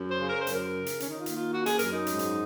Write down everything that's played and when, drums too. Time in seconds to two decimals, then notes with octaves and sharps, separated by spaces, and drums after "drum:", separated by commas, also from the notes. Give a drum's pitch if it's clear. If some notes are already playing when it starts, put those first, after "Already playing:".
Already playing: F#2
0.11 C5
0.20 C#3
0.29 A#4
0.41 C5
0.47 F#2, drum: hi-hat
0.54 A#4
0.73 C#3
0.86 drum: hi-hat
1.00 D#3 C#4, drum: hi-hat
1.10 D#4
1.17 F4
1.26 A#3, drum: hi-hat
1.35 F4
1.53 C#4 F#4
1.66 G#4, drum: hi-hat
1.79 F#2 A#4, drum: hi-hat
1.93 D#4
2.07 G#2, drum: hi-hat
2.19 drum: hi-hat